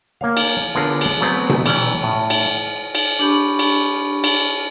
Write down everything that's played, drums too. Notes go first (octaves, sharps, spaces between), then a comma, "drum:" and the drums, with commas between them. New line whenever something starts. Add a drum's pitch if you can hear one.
A#3 C#5 F5
drum: cymbal
D3 B3 F4 G#4 A#4 C#5
drum: cymbal
F#3 A3 B3 C4
drum: tom B2
E3 C#4 D5 G5 A#5, drum: cymbal
A2
drum: cymbal
drum: cymbal
D4 G4 B5 C#6
drum: cymbal
drum: cymbal